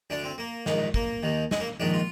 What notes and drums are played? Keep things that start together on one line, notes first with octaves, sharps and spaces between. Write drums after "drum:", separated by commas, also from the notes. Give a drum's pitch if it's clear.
D2 D3 D4
C4
A#3
A#1 G#2 D#3, drum: snare
A#3, drum: kick
D#2 D#3
G#3, drum: snare
A#3
A#1 G#2 D#3 D4
F4